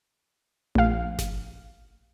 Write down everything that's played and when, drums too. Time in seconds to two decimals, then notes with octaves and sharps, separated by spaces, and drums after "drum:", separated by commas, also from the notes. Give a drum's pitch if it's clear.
0.75 A#1 F5, drum: tom A3
1.19 drum: snare G1